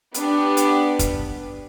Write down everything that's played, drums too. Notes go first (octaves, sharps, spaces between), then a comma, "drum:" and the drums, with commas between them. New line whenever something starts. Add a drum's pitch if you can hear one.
B3 D4 G4, drum: hi-hat
drum: hi-hat
drum: kick, hi-hat